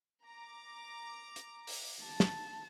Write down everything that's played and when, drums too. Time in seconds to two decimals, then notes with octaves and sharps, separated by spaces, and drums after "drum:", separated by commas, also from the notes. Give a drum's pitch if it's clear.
0.25 A#5 D6
1.36 drum: hi-hat
1.67 drum: open hi-hat
2.03 A5
2.20 drum: snare